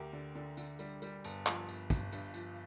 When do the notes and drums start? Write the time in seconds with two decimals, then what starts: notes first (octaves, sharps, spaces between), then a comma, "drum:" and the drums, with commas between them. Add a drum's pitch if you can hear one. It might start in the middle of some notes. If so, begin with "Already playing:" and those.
Already playing: D2 G4 A#4
0.13 D3
0.35 D3
0.57 D3, drum: tambourine
0.79 G3, drum: tambourine
1.02 G3, drum: tambourine
1.24 G1, drum: tambourine
1.47 F3, drum: clap
1.69 G1, drum: tambourine
1.90 G1, drum: kick, tambourine
2.12 G2, drum: tambourine
2.34 F3, drum: tambourine